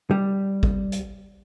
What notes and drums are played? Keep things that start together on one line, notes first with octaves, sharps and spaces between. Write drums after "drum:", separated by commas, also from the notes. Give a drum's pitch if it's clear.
G3
drum: kick G#1
drum: hi-hat